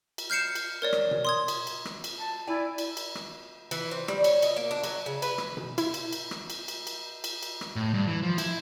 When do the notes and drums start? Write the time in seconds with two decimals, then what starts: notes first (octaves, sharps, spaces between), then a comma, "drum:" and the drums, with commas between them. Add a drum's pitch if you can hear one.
0.18 drum: cymbal
0.30 F6 G6 C7 C#7 E7
0.55 drum: cymbal
0.82 A#4 C#5 D5
0.93 drum: rim click
1.11 drum: tom B2
1.25 C6 D#6 G#6
1.48 drum: cymbal
1.67 drum: cymbal
1.85 drum: rim click
2.04 drum: cymbal
2.19 A5
2.47 E4 D5 G#5
2.78 drum: cymbal
2.97 drum: cymbal
3.15 drum: rim click
3.71 E3, drum: cymbal
3.91 C4
4.08 G3, drum: rim click
4.24 C#5, drum: cymbal
4.42 D#5, drum: cymbal
4.56 A#3
4.71 D4
4.84 F#3, drum: cymbal
5.06 C#3
5.22 B4, drum: cymbal
5.38 drum: rim click
5.57 drum: tom B2
5.78 E4, drum: cymbal
5.94 drum: cymbal
6.13 drum: cymbal
6.31 drum: rim click
6.50 drum: cymbal
6.68 drum: cymbal
6.87 drum: cymbal
7.24 drum: cymbal
7.42 drum: cymbal
7.61 drum: rim click
7.76 A2
7.94 G2
8.08 E3
8.23 F3
8.38 E4, drum: cymbal